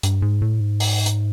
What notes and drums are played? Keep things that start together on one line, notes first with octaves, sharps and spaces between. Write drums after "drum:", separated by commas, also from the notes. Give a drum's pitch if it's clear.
G2, drum: hi-hat
G#2
A2
G#2
drum: open hi-hat
drum: hi-hat